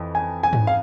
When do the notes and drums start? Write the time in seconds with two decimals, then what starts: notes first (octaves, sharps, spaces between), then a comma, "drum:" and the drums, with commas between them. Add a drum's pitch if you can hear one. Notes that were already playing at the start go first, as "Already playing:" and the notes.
Already playing: F2 E3
0.15 G#5
0.43 G#5
0.53 drum: tom G#2
0.67 F5